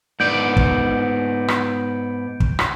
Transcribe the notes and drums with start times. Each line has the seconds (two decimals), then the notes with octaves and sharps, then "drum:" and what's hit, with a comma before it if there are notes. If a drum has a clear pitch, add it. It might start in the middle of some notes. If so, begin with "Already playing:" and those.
0.20 G#2 B3 D5 G6 D7
0.57 drum: kick
1.48 drum: rim click
2.40 drum: kick
2.59 drum: rim click